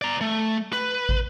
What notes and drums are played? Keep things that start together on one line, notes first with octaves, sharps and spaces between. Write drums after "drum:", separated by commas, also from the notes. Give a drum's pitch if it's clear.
D5 A#5
A3
B4, drum: rim click
drum: kick